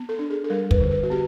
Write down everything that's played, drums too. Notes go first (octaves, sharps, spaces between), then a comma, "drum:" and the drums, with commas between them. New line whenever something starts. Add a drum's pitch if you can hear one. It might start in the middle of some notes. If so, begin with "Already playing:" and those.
Already playing: B3
A4
D4
G#4
A4
G3 A#4
B4, drum: kick
D3
B4
F#4
B3 G4